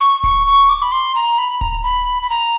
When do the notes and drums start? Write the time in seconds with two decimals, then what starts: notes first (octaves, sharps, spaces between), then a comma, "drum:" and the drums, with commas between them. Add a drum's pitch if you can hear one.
0.01 C#6
0.24 C#6, drum: kick D1
0.47 C#6
0.69 D6
0.82 B5
0.92 C6
1.15 A#5
1.38 B5
1.61 A#5, drum: kick D1
1.83 B5
2.23 B5
2.30 A#5